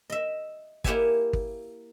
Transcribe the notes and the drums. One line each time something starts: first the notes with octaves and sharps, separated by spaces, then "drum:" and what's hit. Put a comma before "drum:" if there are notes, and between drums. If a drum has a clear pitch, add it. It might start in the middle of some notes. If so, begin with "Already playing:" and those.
D#5 E5
A#3 E4 G4 C#5 E5 G#5, drum: kick
drum: kick